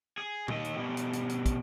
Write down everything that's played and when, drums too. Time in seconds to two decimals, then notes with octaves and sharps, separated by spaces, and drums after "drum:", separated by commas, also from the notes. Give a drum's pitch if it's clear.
0.18 G#4
0.48 D#2 D#5, drum: tom
0.64 drum: hi-hat
0.77 B2 G3
0.97 drum: hi-hat
1.13 drum: hi-hat
1.29 drum: hi-hat
1.46 drum: kick, hi-hat